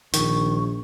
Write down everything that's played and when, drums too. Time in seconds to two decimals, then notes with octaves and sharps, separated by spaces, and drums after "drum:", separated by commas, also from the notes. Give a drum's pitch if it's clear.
0.14 A#1 D#3 C#6, drum: hi-hat